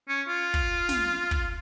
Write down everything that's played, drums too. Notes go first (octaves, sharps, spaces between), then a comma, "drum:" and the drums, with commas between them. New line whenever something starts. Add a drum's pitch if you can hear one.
C#4
F4
drum: kick
drum: snare
drum: kick